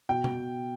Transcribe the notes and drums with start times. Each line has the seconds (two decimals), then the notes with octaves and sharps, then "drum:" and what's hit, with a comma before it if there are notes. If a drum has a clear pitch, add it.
0.09 B2 G5
0.24 drum: tom B2